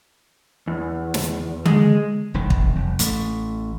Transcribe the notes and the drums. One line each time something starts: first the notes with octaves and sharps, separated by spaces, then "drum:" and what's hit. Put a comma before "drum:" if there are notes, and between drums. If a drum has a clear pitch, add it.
E2
drum: snare
G#3, drum: tom D3
E1 C2 D#3
drum: kick
F1
A1 A3, drum: hi-hat